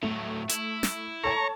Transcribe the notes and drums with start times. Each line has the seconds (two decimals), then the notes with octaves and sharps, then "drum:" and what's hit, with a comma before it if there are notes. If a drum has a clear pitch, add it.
0.03 A2 F#3 A3
0.49 E4, drum: hi-hat
0.83 drum: snare
1.24 A4 C#5 A5 A#5 C#6